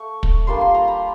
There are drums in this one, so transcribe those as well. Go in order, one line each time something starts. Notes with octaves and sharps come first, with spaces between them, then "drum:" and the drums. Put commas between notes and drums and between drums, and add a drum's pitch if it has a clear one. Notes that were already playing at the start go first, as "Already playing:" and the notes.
Already playing: A3 C#6
drum: kick
G3 A#3 D4 F4 C6
C6
A#5
B5